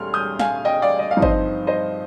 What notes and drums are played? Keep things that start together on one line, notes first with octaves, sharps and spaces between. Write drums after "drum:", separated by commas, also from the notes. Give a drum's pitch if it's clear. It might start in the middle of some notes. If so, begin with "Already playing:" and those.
Already playing: D2 D3 G3 C6 F6
D#6 G6
F5 G#5, drum: snare
D#5 G5
D5 F5
D#5
F5
G2 F3 C4 D#4
C5 D#5, drum: kick G#1
C5 D#5